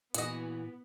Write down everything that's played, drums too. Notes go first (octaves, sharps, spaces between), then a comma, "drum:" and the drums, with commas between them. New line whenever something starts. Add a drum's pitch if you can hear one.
A#2 E3 B3 F#4 G#4 D#5, drum: hi-hat